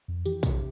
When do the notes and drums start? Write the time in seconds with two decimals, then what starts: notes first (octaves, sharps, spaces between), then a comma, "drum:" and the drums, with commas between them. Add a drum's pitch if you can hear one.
0.08 F2
0.25 E3 G4, drum: tambourine
0.43 C3, drum: kick, tambourine